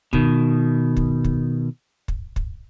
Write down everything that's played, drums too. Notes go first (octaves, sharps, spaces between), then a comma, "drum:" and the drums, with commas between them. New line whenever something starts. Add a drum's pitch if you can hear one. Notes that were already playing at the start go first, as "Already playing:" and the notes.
B2 D#3, drum: kick
drum: kick
drum: kick
drum: kick
drum: kick